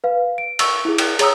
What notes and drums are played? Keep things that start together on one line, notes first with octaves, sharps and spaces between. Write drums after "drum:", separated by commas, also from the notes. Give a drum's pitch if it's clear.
B4 F5
D7
C#6 E6, drum: cymbal
E4 G#4
drum: cymbal
G#4 C#5 A#5 D#6 E6, drum: cymbal